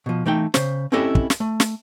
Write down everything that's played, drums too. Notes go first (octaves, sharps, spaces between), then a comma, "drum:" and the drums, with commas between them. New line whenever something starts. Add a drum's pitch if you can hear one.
B2 F3
E3 A3 D#4 G5
C#3 C5, drum: snare
C4 C#4 E4 G4 A4 D#5
drum: kick
drum: snare
A3
drum: snare